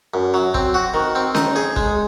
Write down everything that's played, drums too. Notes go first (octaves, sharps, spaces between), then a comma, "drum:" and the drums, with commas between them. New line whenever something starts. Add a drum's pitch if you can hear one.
F#2
F#3
C4, drum: kick
F#4
D#3
C4
D#4, drum: snare C#4
G#4
G#3, drum: kick